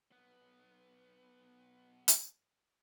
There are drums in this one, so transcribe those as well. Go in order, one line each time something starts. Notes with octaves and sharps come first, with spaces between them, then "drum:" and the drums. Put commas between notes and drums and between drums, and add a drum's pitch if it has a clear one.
B1 B3
drum: hi-hat